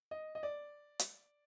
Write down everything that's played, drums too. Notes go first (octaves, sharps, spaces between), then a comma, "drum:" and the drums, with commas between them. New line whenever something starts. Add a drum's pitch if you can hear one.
D#5
D#5
D5
drum: hi-hat